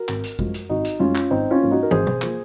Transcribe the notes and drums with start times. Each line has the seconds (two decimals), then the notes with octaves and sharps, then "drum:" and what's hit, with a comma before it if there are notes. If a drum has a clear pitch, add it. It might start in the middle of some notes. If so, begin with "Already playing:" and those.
Already playing: F#4 A#4
0.09 G#1, drum: clap
0.24 drum: hi-hat
0.39 F#2 F3 G#3, drum: kick
0.54 drum: hi-hat
0.69 G#1 D#4 F#4
0.85 drum: hi-hat
0.99 F#2 F3 G#3 C#4 F4
1.15 drum: clap
1.30 G#1 C4 D#4
1.51 C#4 F4
1.61 G#2 F3 A#3
1.71 D#4 F#4
1.83 A#4
1.91 G#1 G#4 C5, drum: tom
2.07 drum: tom B2
2.22 F3 A#3, drum: clap